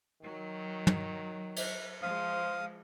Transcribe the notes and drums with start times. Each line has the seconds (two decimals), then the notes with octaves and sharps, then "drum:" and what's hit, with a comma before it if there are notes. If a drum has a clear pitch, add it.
0.22 D#3 F#3
0.87 drum: tom
1.56 drum: cymbal
2.02 F3 G#3 C5 F5 D#6